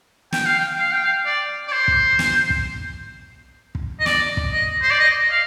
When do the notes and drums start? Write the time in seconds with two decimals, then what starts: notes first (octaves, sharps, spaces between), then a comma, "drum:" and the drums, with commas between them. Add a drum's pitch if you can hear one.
0.32 G5, drum: snare
0.46 F5
0.59 G5
0.79 F5
0.92 G5
1.04 F5
1.26 D5
1.68 D5
1.72 C5
1.88 drum: kick
2.19 drum: snare
2.50 drum: kick
3.75 drum: kick
4.00 D#5
4.06 D5, drum: snare
4.37 drum: kick
4.52 D#5
4.82 C5
4.91 D5
4.99 D#5
5.31 F5